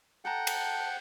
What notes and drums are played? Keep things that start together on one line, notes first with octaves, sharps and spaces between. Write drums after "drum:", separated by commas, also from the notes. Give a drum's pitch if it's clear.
A4 F#5 G5 A5 A#5
drum: cymbal